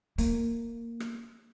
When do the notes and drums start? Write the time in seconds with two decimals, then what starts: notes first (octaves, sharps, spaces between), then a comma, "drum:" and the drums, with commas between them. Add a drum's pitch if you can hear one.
0.18 A#3, drum: hi-hat
1.00 drum: rim click